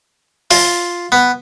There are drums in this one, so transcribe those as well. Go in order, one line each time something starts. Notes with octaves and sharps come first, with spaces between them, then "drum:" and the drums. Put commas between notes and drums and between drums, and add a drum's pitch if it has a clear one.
F4, drum: open hi-hat
B3